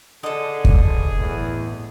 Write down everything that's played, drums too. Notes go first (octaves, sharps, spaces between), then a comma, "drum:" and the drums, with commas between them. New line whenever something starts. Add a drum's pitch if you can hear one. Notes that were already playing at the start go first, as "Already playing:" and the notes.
D3 G#4 A4 D#5
drum: kick
G1
E2 A2